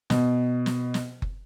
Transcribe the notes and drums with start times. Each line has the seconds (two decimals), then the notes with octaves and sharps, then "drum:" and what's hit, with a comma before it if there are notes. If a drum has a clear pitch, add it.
0.10 B2, drum: snare
0.66 drum: snare
0.94 drum: snare
1.22 drum: kick F#1